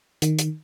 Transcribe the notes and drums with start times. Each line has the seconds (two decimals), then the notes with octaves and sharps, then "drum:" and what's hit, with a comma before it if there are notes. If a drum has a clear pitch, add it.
0.22 D#3, drum: hi-hat
0.39 drum: hi-hat